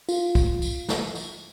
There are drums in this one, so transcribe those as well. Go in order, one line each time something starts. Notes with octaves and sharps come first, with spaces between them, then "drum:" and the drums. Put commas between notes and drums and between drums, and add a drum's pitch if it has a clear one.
F4, drum: tambourine
drum: kick, tambourine
drum: tambourine
drum: snare
drum: tambourine